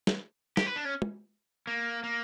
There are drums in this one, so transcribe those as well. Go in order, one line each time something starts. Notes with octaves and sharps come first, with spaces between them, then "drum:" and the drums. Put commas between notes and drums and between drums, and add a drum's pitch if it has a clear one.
drum: snare
G4, drum: snare
B4
D4
C#4
drum: tom
A#3
A#3